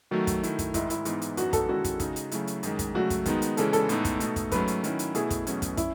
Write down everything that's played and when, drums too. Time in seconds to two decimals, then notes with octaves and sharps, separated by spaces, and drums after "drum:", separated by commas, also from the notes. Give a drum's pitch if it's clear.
0.11 D#3 F#3 A3 F#4
0.27 drum: kick, hi-hat
0.43 D#3 A3 E4, drum: hi-hat
0.59 drum: kick, hi-hat
0.74 G#2 D#3 G#3 E4, drum: kick, hi-hat
0.90 E4, drum: hi-hat
1.05 G#2 E3 G#3 B3 D#4, drum: hi-hat
1.22 drum: hi-hat
1.37 F#2 E3 B3 D#4 F#4, drum: hi-hat
1.53 A4, drum: kick, hi-hat
1.68 D#3 G#3 C#4 E4 F#4
1.84 drum: kick, hi-hat
2.00 C#3 G#3 D#4, drum: kick, hi-hat
2.16 drum: hi-hat
2.32 C#3 F#3 A3 E4, drum: hi-hat
2.47 drum: hi-hat
2.63 F#2 D#3 G#3, drum: hi-hat
2.79 drum: kick, hi-hat
2.95 C#3 F#3 A3 F#4
3.10 drum: kick, hi-hat
3.26 D#3 G#3 B3 D#4, drum: kick, hi-hat
3.42 drum: hi-hat
3.57 C#3 E3 G#3 C#4 E4 A4, drum: hi-hat
3.73 A4, drum: hi-hat
3.89 A2 G#3 B3 D#4, drum: hi-hat
4.05 drum: kick, hi-hat
4.20 B2 A3 D#4, drum: hi-hat
4.36 drum: kick, hi-hat
4.52 G#2 F#3 A3 C#4 B4, drum: kick, hi-hat
4.68 drum: hi-hat
4.84 D#3 F#3 C#4 E4, drum: hi-hat
4.99 drum: hi-hat
5.15 B2 A3 E4 G#4, drum: hi-hat
5.30 drum: kick, hi-hat
5.47 E2 B2 F#3 A3 C#4, drum: hi-hat
5.62 drum: kick, hi-hat
5.77 C#4 E4, drum: kick, hi-hat